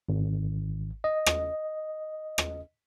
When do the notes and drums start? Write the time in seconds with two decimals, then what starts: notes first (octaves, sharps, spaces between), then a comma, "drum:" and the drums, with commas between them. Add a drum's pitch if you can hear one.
0.09 G#1
1.04 D#5
1.26 drum: rim click
2.38 drum: rim click